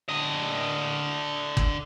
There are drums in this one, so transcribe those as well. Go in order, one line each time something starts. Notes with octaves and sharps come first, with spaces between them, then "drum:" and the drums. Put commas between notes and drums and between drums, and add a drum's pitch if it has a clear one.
D3 D#5
drum: kick G1